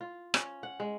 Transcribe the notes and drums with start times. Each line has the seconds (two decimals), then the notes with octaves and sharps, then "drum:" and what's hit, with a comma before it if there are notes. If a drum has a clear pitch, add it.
0.01 F4
0.34 C#4, drum: rim click
0.63 F#5
0.80 G#3